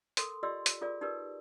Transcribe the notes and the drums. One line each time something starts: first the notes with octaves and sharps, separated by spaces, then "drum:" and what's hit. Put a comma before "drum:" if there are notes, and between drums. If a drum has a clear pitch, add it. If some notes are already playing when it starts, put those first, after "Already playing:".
A4 A#4 C6, drum: hi-hat
F4 G4 D5 D#5 C6 E6
drum: hi-hat
F4 G#4 A#4 D5
D#4 G4 A#4 B4 D5